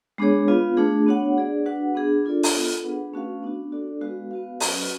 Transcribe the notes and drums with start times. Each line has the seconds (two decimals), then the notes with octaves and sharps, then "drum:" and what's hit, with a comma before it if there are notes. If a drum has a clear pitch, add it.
0.18 G#3 B3 D4 G#4 C#5
0.48 B3 F4 B4 F5
0.77 A3 D4 G#4
1.07 B3 D4 F#4 C#5 F#5
1.37 D4 G#4 D5
1.66 D4 F#4 B4 F#5
1.95 B3 D4 G#4
2.25 D4 F4 A4 D5
2.43 drum: open hi-hat
2.54 B3 F4 A4
2.83 B3 D4 G#4 B4 F#5
3.13 A3 C#4 F#4 B4 F5
3.43 B3 D4 F#4
3.72 D4 F#4 A4 D5
4.01 G#3 B3 F#4 B4 F5
4.31 B3 F#4 B4 F5
4.60 F#3 C#4 F#4 B4, drum: open hi-hat